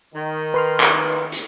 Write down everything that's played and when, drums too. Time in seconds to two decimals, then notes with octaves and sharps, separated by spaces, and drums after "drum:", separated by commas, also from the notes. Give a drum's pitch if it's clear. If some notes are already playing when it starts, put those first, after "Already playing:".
0.14 D#3
0.54 B4 C6 F6
0.80 drum: clap
1.32 drum: hi-hat